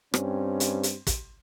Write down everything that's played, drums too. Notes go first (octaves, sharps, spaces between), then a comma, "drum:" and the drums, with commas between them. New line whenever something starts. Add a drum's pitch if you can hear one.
G2 C4 C#4, drum: rim click
drum: hi-hat
drum: hi-hat
drum: kick, hi-hat